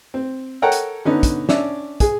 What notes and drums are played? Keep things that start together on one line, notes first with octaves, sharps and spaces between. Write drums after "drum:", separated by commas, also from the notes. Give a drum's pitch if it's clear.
C4
A4 A#4 C#5 F#5 G5 A#5
drum: hi-hat
D3 B3 C#4 D#4
drum: kick, hi-hat
C#4 D4 D5 E5, drum: snare
G#4, drum: kick, hi-hat